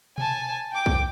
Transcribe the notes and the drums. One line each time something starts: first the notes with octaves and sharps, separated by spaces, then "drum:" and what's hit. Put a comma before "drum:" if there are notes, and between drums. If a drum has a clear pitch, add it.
G#5 A5, drum: tom B2
G5 D6
drum: kick B1